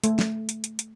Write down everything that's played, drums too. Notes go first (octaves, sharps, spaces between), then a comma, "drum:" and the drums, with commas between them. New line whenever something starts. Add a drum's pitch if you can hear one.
A3, drum: hi-hat
drum: snare
drum: hi-hat
drum: hi-hat
drum: hi-hat